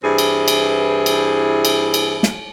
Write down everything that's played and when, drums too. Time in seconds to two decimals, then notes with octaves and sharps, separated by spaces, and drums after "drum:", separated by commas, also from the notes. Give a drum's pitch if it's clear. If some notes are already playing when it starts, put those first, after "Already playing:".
0.04 G2 E3 C4 E4 G#4
0.18 drum: cymbal
0.48 drum: cymbal
1.06 drum: cymbal
1.65 drum: cymbal
1.94 drum: cymbal
2.23 drum: snare